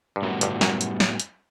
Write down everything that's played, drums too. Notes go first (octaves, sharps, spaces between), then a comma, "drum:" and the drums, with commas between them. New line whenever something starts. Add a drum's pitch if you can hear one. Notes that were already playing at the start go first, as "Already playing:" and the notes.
G2
F#2 A2 G3 B3 F#4
G1 G2, drum: hi-hat
F#2, drum: snare
drum: hi-hat
drum: snare
drum: hi-hat